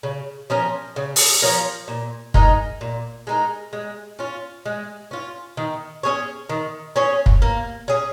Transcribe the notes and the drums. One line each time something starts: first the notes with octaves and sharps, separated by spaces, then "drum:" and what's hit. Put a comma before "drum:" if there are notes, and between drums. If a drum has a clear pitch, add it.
C#3
F3 C#4 A#4
C#3
drum: open hi-hat
F3 C#4 A#4
A#2
G#3 D#4 A#4, drum: kick
A#2
G#3 D#4 A#4
G#3
C#4 F4
G#3
C#4 F4
D#3
C#4 G#4 C#5
D#3
C#4 G#4 C#5
drum: kick
A#3
C#4 G#4